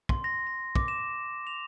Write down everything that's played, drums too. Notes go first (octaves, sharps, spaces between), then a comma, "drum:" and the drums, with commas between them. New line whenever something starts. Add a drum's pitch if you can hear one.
C6, drum: kick
A#6
A#6
D6, drum: kick
E7
F7